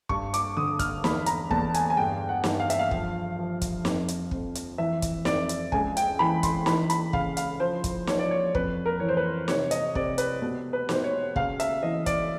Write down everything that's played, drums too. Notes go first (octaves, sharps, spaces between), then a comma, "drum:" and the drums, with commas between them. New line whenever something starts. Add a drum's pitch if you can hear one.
G2 C#6, drum: kick
D6, drum: hi-hat
D3 D#6
F6, drum: kick, hi-hat
E2 B5, drum: snare
A#5, drum: hi-hat
E2 A5, drum: kick
G#5, drum: hi-hat
G#5
G2 G5
F#5
G2, drum: snare
F5
E5, drum: hi-hat
F5
F3, drum: kick
F3
drum: kick, hi-hat
F2, drum: snare
drum: hi-hat
F2, drum: kick
drum: hi-hat
E3 E5
drum: kick, hi-hat
F2 D5, drum: snare
drum: hi-hat
C#2 G#5, drum: kick
G5, drum: hi-hat
E3 B5
C6, drum: kick, hi-hat
E3 B5, drum: snare
B5, drum: hi-hat
C#3 F5, drum: kick
F5, drum: hi-hat
F3 C5
drum: kick, hi-hat
F3 C#5, drum: snare
D5
C#5
F2 B4, drum: kick
A#4
E3 C#5
C5
B4
C3 C#5, drum: snare
D#5, drum: hi-hat
C3 D5, drum: kick
B4, drum: hi-hat
B2
B4
B2 C5, drum: snare
C#5
C#3 F5, drum: kick
E5, drum: hi-hat
E3 D#5
D5, drum: kick, hi-hat